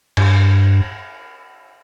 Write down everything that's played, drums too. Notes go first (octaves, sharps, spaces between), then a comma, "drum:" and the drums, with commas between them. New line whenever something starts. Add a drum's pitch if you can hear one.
G2, drum: cymbal